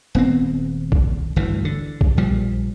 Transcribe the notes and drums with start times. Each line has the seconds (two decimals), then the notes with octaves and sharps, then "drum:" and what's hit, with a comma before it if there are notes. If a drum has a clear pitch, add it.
0.15 D#1 B3 C4
0.92 drum: kick
1.36 G1 D2 E3
1.65 D3
2.01 drum: kick
2.17 A#1 F3 G3